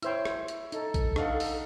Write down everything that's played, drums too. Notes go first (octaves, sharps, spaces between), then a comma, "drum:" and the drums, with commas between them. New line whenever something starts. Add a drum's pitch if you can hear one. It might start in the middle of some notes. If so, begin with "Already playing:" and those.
E4 C5 C#5 E5 G5 E6, drum: hi-hat
drum: rim click
drum: hi-hat
D#4 A4, drum: hi-hat
drum: kick A#1, hi-hat
D4 D#4 F5 F#5, drum: rim click
drum: open hi-hat